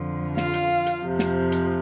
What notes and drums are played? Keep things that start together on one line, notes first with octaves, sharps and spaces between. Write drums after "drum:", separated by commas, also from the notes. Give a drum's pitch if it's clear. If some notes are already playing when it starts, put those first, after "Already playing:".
Already playing: F2 D3 F3
F4 F5, drum: snare
drum: hi-hat
drum: hi-hat
F2 C3 F3
drum: snare
drum: hi-hat